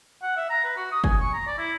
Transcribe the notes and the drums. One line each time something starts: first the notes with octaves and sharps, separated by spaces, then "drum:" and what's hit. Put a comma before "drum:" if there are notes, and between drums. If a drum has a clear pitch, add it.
F#5
E5
A#5
B4
F#4
D#6
G#5, drum: kick
C#6
A#5
D5
E4